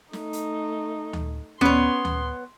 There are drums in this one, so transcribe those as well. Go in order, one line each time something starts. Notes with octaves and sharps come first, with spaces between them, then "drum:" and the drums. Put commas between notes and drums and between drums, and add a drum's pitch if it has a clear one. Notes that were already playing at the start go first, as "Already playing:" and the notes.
A3 D#4, drum: snare
drum: hi-hat
drum: tom D2
B3 C#4 C#5 C6, drum: tom D2
drum: tom D2